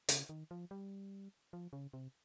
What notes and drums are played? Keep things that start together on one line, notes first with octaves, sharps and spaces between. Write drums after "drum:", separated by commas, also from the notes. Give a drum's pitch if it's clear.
C#3, drum: hi-hat
D#3
F3
G3
F3
C#3
C3